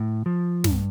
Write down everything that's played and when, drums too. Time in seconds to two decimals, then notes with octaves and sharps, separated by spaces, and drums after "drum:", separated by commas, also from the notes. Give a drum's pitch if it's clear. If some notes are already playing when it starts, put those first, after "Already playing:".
Already playing: A2
0.26 F3
0.64 G2, drum: snare